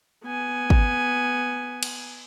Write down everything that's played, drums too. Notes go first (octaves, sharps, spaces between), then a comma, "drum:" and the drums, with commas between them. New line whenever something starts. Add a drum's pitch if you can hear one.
B3 G#5
drum: kick G#1
drum: cymbal